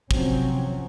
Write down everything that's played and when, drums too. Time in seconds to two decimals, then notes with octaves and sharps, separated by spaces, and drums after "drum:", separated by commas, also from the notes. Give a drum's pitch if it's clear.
0.11 C3 F3 F#3 C4 C#4, drum: kick